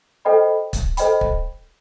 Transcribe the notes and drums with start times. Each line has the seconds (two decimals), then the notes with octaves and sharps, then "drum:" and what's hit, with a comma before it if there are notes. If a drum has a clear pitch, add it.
0.25 A4 C5 D#5 G5 B5
0.73 drum: kick, hi-hat
0.97 A4 C5 D#5 G5 B5, drum: hi-hat
1.21 drum: kick